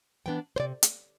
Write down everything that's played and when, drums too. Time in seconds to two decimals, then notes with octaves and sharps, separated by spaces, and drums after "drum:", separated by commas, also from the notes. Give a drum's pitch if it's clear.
0.26 E3 B3 D4 G5
0.56 C5
0.60 C3 D5
0.83 drum: hi-hat